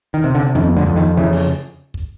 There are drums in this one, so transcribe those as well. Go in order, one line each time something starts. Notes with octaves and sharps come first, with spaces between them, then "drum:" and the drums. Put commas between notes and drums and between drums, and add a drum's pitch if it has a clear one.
D#3
C3
D3
F2 D#3, drum: tom
D3
F2
D#3
C#3 E3
drum: open hi-hat
drum: kick